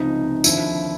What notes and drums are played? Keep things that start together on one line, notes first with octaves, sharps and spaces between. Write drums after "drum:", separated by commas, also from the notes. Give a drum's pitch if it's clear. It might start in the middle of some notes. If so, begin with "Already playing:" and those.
Already playing: C#2 C3 F3 D#4
D#2 D3 F3 E4, drum: tambourine